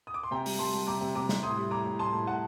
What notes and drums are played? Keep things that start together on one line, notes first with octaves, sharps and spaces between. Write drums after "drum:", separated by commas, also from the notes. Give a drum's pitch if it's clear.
D#6
D6
C6
C3 G5 A#5
G3, drum: open hi-hat
G3 A5 C6
G3
C3 A#5 D6
C3
C3 A#5 D6
C3, drum: snare
A2 C6 D#6
G3
A2 A#5 D6
A2
A2 A5 C6
A2
A2 F#5 A5